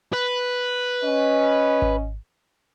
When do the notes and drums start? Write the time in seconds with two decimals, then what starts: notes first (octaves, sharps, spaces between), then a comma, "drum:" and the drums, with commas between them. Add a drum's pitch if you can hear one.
0.13 B4
1.04 C#4 D#5
1.82 drum: kick G#1